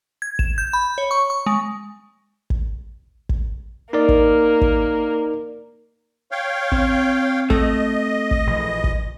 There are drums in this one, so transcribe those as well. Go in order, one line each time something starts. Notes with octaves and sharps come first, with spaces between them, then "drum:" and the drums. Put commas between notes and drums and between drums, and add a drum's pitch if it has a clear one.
G#6
E7, drum: kick
G6
B5
C#5
C#6
C#6
G#3
drum: kick
drum: kick
A#3 D#4 A#4 D5
drum: kick
drum: kick
C#5 F5 G5
C4, drum: kick
A3 D#5, drum: kick
drum: kick
A#1 E3
drum: kick